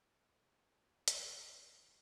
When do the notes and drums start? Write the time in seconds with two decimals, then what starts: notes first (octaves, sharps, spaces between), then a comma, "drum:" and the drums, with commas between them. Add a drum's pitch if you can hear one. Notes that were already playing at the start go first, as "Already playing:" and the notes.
0.61 F3
1.08 C#3, drum: hi-hat
1.58 D#3